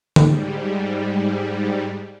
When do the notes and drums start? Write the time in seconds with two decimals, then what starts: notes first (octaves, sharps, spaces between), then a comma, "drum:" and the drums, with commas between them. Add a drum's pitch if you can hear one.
0.16 G#2 G3, drum: tom D3